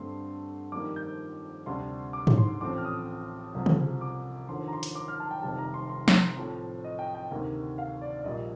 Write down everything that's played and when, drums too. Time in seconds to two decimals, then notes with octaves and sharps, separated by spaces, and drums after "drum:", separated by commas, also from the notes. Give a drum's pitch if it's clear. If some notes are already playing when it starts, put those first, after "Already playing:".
Already playing: G2 D3 A3 C4 C6
0.72 F2 D#3 G3 A#3 D6
0.96 G6
1.66 D2 C3 G3 D4 C6
2.13 D6
2.27 drum: tom G#2
2.38 C6
2.61 A1 A2 F3 C4 D6
2.78 F6
2.85 D#6
3.55 C2 C3 F3
3.66 drum: tom C#3
4.01 D6
4.49 D#2 D3 F3 C6
4.68 A#5
4.73 C6
4.83 drum: hi-hat
4.95 D6
5.08 F6
5.20 A5
5.31 G5
5.42 F1 F2 C3 D#3 G3 A5
5.58 A#5
5.74 C6
5.89 C6
6.08 drum: snare
6.37 A2 F3 C4
6.84 D#5
6.99 G5
7.15 G5
7.31 D2 C3 D#3 A#3
7.78 F5
8.01 D5
8.21 D5
8.24 A#1 A#2 G3 D#5